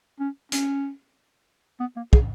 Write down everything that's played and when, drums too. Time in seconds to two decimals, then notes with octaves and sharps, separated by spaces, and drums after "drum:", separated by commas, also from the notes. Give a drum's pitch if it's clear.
0.20 C#4
0.52 C#4, drum: hi-hat
1.80 B3
1.97 A#3
2.13 G#4, drum: kick